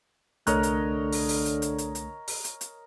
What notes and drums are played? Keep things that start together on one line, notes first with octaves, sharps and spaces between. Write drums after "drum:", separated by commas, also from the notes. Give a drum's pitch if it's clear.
C2 D3 A3 A#4 C#5 D#5 F#6, drum: hi-hat
drum: hi-hat
drum: open hi-hat
drum: open hi-hat
drum: hi-hat
drum: hi-hat
drum: hi-hat
drum: hi-hat
drum: open hi-hat
drum: hi-hat
drum: hi-hat